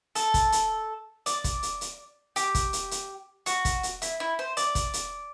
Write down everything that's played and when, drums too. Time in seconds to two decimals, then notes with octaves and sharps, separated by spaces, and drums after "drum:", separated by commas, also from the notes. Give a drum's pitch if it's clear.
0.15 A4, drum: hi-hat
0.34 drum: kick, hi-hat
0.52 drum: hi-hat
1.26 D5, drum: hi-hat
1.44 drum: kick, hi-hat
1.63 drum: hi-hat
1.81 drum: hi-hat
2.36 G4, drum: hi-hat
2.55 drum: kick, hi-hat
2.73 drum: hi-hat
2.91 drum: hi-hat
3.46 F#4, drum: hi-hat
3.65 drum: kick, hi-hat
3.83 drum: hi-hat
4.02 E4, drum: hi-hat
4.20 E4
4.39 C5
4.57 D5, drum: hi-hat
4.75 drum: kick, hi-hat
4.94 drum: hi-hat